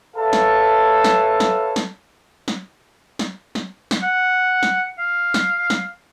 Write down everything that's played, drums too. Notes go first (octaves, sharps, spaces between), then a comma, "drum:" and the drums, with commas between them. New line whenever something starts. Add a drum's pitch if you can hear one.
A4 B4 C#5 E5 F5 A5
drum: snare
drum: snare
drum: snare
drum: snare
drum: snare
drum: snare
drum: snare
drum: snare
F#5
drum: snare
F5
drum: snare
drum: snare